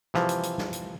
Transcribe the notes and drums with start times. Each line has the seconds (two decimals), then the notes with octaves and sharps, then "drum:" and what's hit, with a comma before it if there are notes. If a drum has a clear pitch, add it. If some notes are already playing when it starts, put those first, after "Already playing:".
0.14 C3 E3 F3, drum: snare
0.29 drum: hi-hat
0.43 drum: hi-hat
0.58 drum: snare
0.73 drum: hi-hat